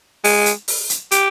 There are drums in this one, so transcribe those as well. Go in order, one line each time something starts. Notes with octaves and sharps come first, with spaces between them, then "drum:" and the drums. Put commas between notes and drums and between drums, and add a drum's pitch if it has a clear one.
G#3, drum: open hi-hat
drum: hi-hat
drum: open hi-hat
drum: hi-hat
G4, drum: hi-hat